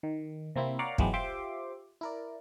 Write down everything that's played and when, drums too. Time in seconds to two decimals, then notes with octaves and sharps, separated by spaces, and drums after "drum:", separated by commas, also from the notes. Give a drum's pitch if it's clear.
0.03 D#3
0.56 C3 A#3 C4 E4
0.79 A#4 C#5 D5 F5 F#5 A#5
0.98 G#2 E3 F#3 G#3 B3 G4, drum: kick
1.13 F4 G4 C5 E5 C6 D6
2.01 E4 A#4 D5